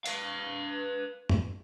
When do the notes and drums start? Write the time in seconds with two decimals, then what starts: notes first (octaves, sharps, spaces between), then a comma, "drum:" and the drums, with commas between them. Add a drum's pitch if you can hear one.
0.06 B4 F5, drum: hi-hat
1.29 drum: tom